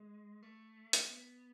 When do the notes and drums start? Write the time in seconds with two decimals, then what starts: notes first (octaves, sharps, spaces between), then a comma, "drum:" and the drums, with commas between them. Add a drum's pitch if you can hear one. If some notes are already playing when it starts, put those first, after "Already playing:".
Already playing: G#3
0.43 A3
0.93 drum: hi-hat
1.07 B3